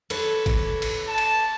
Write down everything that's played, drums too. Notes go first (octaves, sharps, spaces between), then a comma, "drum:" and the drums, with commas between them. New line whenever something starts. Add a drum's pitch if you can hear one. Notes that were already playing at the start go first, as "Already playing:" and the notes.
A4 B4 C#5, drum: cymbal
drum: kick G#1, cymbal
drum: cymbal
A5
drum: cymbal